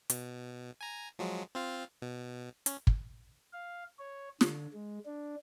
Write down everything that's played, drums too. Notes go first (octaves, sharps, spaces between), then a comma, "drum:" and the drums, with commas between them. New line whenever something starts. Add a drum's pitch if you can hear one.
B2, drum: hi-hat
G#5 A#5
F3 F#3 G#3
C4 F4 F5
B2
C#4, drum: hi-hat
drum: kick
F5
C#5
D3, drum: snare
G#3
D4